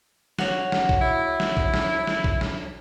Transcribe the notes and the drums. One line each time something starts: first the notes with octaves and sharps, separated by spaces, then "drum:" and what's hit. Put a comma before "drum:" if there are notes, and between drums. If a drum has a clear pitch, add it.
F#4 C#5, drum: snare
drum: snare
drum: kick A#1
E4
drum: snare
drum: kick A#1
drum: snare
drum: snare
drum: kick A#1
drum: snare